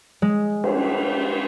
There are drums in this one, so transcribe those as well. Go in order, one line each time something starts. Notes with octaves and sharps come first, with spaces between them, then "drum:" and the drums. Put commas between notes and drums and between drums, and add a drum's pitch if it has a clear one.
G#3
drum: cymbal